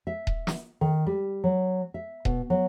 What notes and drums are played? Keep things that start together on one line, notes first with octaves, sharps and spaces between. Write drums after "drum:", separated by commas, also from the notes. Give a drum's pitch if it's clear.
E5
drum: kick D#1
drum: snare
D#3
G3
F#3
E5
B2, drum: kick D#1
F#3